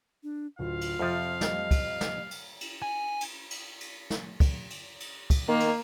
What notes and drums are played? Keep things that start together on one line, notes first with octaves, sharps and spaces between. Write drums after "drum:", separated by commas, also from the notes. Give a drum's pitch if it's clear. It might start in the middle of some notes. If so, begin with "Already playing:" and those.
D4
D1 F4 F5
drum: cymbal
F2 C3 F3 E5 A6
G3 D#5, drum: snare
drum: kick, cymbal
drum: snare
drum: cymbal
drum: cymbal
G#5
drum: cymbal
drum: cymbal
drum: cymbal
drum: snare
drum: kick, cymbal
drum: cymbal
drum: cymbal
drum: kick, cymbal
D#3 A#3
drum: cymbal